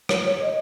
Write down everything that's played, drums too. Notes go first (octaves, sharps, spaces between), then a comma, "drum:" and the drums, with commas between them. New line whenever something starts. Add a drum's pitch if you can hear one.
C#5, drum: rim click
C#5
D#5